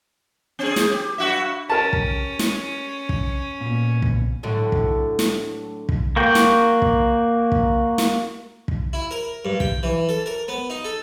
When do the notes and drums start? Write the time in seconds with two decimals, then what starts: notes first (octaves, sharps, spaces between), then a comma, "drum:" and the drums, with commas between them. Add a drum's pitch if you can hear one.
0.59 C4 G#4
0.76 drum: snare
0.91 G4
1.18 G2 F#4 E5
1.70 C#4 G4 A#4 A5
1.93 drum: kick
2.39 drum: snare
3.09 drum: kick
3.61 A#2 B3
4.02 drum: kick
4.43 A2 D3 F#3
4.72 drum: kick
5.19 drum: snare
5.89 drum: kick
6.16 A#3 F#4 A#4 G5 G6
6.35 drum: snare
6.82 drum: kick
7.52 drum: kick
7.98 drum: snare
8.68 drum: kick
8.93 E4
9.11 A#4
9.45 G2
9.60 G5, drum: kick
9.83 E3
10.09 A4
10.26 A#4
10.48 B3
10.70 D#4
10.84 A4